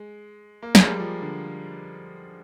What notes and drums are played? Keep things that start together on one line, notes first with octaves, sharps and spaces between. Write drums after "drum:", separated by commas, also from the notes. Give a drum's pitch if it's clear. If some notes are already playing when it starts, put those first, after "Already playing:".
Already playing: G#3
A#3
G#3, drum: snare
G3
F3
D3